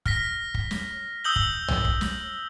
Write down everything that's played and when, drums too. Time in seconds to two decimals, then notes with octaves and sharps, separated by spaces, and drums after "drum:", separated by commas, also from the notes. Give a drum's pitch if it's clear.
0.06 F6 A#6 B6, drum: kick
0.54 drum: kick
0.71 drum: snare
1.24 D#6 E6 G6 F#7 G7
1.36 drum: kick
1.68 drum: tom B1
1.85 drum: kick
2.01 drum: snare